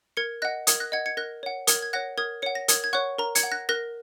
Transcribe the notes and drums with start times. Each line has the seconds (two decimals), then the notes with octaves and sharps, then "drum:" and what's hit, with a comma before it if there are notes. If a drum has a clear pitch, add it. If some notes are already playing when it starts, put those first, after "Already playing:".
0.17 A#4 G#6 C#7
0.42 D#5 F#5 F#6 A#6
0.67 A#4 D#6 G#6, drum: hi-hat
0.80 F#6 A#6
0.92 D#5 F#5 G#6 C#7
1.06 G#6 C#7
1.17 A#4 F#6 A#6
1.43 C#5 F#5
1.67 A#4 D#6 G#6, drum: hi-hat
1.83 G#6
1.93 C#5 F#5 F#6 A#6
2.18 A#4 D#6 G#6
2.42 C#5 F#5 C#7
2.55 A#6
2.68 A#4 D#6 G#6, drum: hi-hat
2.84 G#6
2.93 C#5 F#5 C#6 F#6
3.18 A#4 A#5
3.35 G#6 C#7, drum: hi-hat
3.43 F#5
3.52 F#6 A#6
3.69 A#4 F#6 A#6